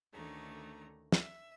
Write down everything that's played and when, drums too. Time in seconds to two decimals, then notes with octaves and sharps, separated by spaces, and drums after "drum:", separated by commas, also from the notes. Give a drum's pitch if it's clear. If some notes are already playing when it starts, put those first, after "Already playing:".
0.13 D2 D3 D#3 A3 C#4 A#5
1.12 E5, drum: snare